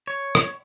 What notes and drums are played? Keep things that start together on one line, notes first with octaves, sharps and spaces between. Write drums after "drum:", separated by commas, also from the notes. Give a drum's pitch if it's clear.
C#5
drum: rim click